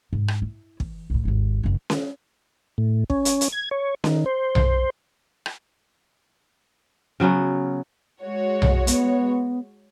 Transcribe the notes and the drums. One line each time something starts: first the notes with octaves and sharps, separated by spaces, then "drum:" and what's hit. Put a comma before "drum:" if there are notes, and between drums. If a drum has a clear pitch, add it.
G#2
drum: rim click
E4
E3, drum: kick
B1 A2
G#1 D#2
F#1 D3
drum: snare C#4
A2
C#4, drum: kick
drum: hi-hat
drum: hi-hat
G#6
C#5
D#3, drum: snare C#4
C5
drum: tom B1
drum: rim click
C#3 F#3 B3 C#4
G#3 F#4 C#5
drum: tom B1
B3, drum: hi-hat